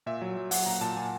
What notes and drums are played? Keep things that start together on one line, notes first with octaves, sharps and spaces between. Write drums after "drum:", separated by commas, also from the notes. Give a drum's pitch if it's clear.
A#2 E5
F#3
F#3
F#3 F#5, drum: open hi-hat
A#2 A#5
A#2 A5
A#2 G#5